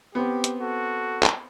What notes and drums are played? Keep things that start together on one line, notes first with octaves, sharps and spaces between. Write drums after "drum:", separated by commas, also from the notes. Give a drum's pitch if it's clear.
B3 C4 G4
drum: hi-hat
F#4 A4
drum: clap